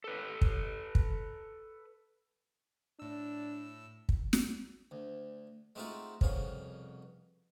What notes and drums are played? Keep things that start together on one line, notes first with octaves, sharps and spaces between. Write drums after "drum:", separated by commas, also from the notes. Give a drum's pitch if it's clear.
A4 B4
drum: kick
drum: kick
A2 D4 E6
drum: kick
drum: snare
D2
G#3 A3 C4 D#4 F4 F#4
C2 F2 B2 C#4 G#4 F5, drum: kick